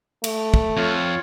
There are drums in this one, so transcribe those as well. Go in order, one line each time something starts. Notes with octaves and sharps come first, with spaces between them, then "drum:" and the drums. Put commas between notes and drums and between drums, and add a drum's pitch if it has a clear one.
A3, drum: cymbal
drum: kick
F2 F4 C#5